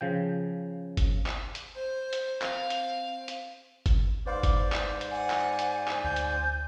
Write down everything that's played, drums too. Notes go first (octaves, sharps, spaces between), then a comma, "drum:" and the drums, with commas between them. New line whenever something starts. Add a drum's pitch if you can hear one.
C#3 F3 G5
drum: kick G1, hi-hat
drum: clap
drum: hi-hat
C5
drum: hi-hat
C4 F5, drum: clap
drum: hi-hat
drum: hi-hat
drum: kick G1, hi-hat
G#2 B4 C5 D5 F5 C6 D6
drum: kick G1, hi-hat
drum: clap
drum: hi-hat
F#5 G#5
drum: clap
drum: hi-hat
drum: clap
D2 G6
drum: hi-hat